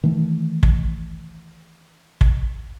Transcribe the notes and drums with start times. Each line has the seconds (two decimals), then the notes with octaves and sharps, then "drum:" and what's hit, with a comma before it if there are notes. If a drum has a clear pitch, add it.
0.03 D#3 E3 A3
0.63 drum: kick
2.21 drum: kick